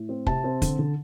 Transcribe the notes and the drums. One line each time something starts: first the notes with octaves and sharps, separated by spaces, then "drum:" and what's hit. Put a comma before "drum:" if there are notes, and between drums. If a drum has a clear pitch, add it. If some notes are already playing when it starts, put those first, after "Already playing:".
Already playing: A2
C4
C3 A5, drum: kick
C4
D3, drum: kick, hi-hat
D3